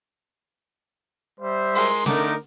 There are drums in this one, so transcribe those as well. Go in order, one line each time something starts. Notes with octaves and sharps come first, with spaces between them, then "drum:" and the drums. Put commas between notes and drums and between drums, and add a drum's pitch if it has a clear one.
G3 C5 E5
G#3 A#4 C6, drum: open hi-hat
D3 A3 D#4 A#4 D6, drum: snare